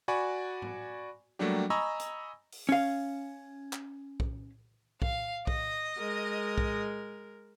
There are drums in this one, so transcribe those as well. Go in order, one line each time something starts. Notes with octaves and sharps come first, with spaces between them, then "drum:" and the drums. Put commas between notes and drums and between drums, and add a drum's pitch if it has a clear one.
F#4 D5 G#5 B5 C#6
drum: tom G#2
F#3 G3 A3 A#3 D4 G4
D#5 G#5 A#5 B5 C#6 E6
drum: hi-hat
drum: open hi-hat
C#4 F5
drum: clap
drum: kick B1
F5, drum: kick B1
D#5, drum: kick B1
G#3 A#4
drum: kick B1